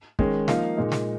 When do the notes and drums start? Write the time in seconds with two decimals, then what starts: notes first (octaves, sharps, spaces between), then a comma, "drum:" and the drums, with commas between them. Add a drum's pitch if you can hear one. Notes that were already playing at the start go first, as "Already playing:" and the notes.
0.19 D#3 G#3 C#4, drum: kick
0.48 F3 A#3 D#4 F5, drum: snare
0.77 A#2 G#3 D#4
0.92 drum: snare